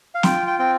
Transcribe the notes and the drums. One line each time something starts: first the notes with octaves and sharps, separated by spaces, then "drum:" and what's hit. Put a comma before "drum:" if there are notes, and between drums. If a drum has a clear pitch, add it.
F5
F4 G5, drum: snare
G5
C4 G5